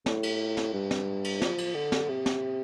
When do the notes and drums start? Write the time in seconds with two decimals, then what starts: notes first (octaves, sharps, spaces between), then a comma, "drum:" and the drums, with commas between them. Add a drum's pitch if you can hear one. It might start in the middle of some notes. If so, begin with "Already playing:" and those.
0.06 A2, drum: snare
0.23 drum: cymbal
0.57 drum: snare
0.74 G2
0.91 drum: snare
1.24 drum: cymbal
1.42 F3, drum: snare
1.58 drum: cymbal
1.75 D3
1.92 drum: snare
2.09 C3
2.26 drum: snare